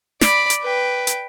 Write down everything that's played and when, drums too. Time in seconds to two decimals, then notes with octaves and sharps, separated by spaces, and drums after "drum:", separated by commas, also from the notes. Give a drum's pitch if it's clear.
0.21 D5 B5, drum: snare
0.50 drum: hi-hat
0.62 B4 G5
1.07 drum: hi-hat